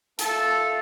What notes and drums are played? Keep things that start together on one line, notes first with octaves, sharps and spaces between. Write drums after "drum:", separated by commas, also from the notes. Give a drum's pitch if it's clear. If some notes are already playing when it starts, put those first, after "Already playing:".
A3 F4 A4, drum: hi-hat